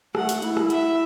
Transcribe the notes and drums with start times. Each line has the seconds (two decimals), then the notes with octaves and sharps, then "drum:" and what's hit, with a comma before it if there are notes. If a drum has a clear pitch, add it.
0.15 A3 F#5, drum: rim click
0.29 drum: open hi-hat
0.42 E4, drum: hi-hat
0.57 drum: rim click
0.70 E5, drum: hi-hat